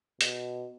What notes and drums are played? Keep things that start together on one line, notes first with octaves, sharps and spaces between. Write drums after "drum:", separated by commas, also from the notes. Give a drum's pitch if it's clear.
B2, drum: hi-hat